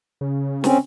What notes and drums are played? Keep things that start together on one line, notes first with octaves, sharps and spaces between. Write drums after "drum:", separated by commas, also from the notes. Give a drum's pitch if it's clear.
C#3
C4 C#4, drum: snare